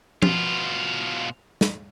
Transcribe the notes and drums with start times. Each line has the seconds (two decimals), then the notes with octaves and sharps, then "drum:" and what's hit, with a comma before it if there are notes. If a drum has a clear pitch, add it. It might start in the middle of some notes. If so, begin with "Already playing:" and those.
0.22 B2 F4, drum: tom
1.61 drum: snare